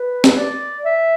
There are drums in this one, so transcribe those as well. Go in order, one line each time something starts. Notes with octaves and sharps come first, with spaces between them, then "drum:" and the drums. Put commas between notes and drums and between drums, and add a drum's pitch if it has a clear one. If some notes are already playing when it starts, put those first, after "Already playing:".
Already playing: B4
drum: snare
D5
E5